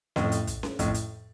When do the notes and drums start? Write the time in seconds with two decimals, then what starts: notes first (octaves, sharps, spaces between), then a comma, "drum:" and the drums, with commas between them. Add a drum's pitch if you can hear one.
0.16 F2 A2, drum: snare C#4
0.32 drum: hi-hat
0.47 drum: kick, hi-hat
0.63 drum: snare C#4
0.79 F2 A2, drum: kick, hi-hat
0.94 drum: hi-hat